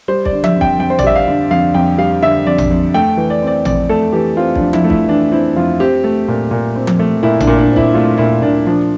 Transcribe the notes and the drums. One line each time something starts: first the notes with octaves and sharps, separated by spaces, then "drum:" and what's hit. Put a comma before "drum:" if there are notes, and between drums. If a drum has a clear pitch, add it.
G3 C5
D5, drum: kick
D3
E5, drum: tom F3
F2
G5, drum: kick
F2 G5
C5
D5, drum: tom A1
G3 E5
F5
D3
F2 F5
F2 G5
G3 F5
D3 E5
F2 D5
drum: tom A1
F2
A3 G5
E3
D5
C4 D5
F2 D5, drum: tom A1
A3 A4
E3 G4
C4 F4
D4, drum: kick
F2
E4, drum: tom F3
A3
E4, drum: kick
E3 D4
C4 E4
F2 F4
C4 G4
A3
A#2
A#2
C4
drum: tom F3
A3
A#2 E4
D4, drum: tom A1
A#2
D4
C4
E4, drum: kick
A3 F4
A#2 E4
A#2 D4
F3 D4